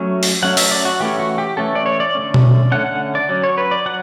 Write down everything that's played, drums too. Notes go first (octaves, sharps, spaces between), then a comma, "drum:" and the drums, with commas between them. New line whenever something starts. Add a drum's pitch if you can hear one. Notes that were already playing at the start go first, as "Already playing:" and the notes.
Already playing: F#3 A3 C#4 E5
drum: open hi-hat
F#3 A3 C#4 F#5
E5, drum: open hi-hat
D5
F#4
E3 A3 C#4 G4
F#4
G4
E3 A3 C#4 A4
D5
C#5
D5
D3 A3 C#4
drum: tom B2
D3 A3 C#4 F#5
F#5
D5
F#3 C#4
C#5
B4
D5
F#3 F#5